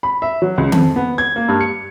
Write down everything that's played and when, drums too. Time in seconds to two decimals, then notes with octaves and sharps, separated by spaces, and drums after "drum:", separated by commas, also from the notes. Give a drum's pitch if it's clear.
0.03 B5
0.22 E5
0.42 F#3
0.58 C#2
0.72 F2, drum: tom D#3
0.96 B3
1.18 G#6
1.36 A#3
1.48 G2
1.61 C#7